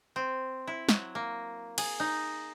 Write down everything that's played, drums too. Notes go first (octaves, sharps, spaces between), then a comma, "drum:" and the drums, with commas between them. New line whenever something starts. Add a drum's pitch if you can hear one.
C4
E4
F#3, drum: snare
A#3
G#4, drum: cymbal
D#4